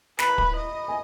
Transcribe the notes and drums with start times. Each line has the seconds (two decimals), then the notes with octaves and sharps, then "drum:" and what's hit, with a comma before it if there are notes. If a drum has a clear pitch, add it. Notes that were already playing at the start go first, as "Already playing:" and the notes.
0.19 B4 B5, drum: snare
0.28 A#5
0.38 B5, drum: kick
0.56 D#5
0.88 G#5